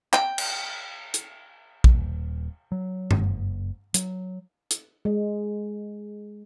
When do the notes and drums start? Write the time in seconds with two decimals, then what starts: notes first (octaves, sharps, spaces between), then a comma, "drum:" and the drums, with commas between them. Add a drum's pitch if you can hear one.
0.13 G5, drum: clap
0.38 drum: cymbal
1.14 drum: hi-hat
1.84 drum: kick A#1
1.95 D#1
2.72 F#3
3.11 F#1, drum: tom G2
3.94 F#3, drum: hi-hat
4.71 drum: hi-hat
5.05 G#3